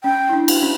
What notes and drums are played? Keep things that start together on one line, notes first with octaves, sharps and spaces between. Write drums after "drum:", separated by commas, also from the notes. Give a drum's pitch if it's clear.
C#4 G5
E4
D4
drum: cymbal
C#4